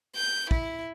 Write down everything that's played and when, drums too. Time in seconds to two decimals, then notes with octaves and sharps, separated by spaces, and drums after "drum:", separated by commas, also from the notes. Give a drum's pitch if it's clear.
0.15 G6
0.51 E4, drum: kick